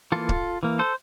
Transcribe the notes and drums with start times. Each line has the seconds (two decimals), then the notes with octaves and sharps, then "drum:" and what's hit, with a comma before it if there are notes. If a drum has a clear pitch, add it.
0.12 E3 A#3 F4 A4
0.29 drum: kick C#1
0.63 E3 A#3
0.79 A4 C5